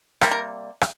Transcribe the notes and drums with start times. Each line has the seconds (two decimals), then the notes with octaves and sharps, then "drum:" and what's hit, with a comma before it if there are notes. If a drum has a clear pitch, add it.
0.21 C3 G3 A#3 A#4, drum: rim click
0.31 A#4
0.81 drum: rim click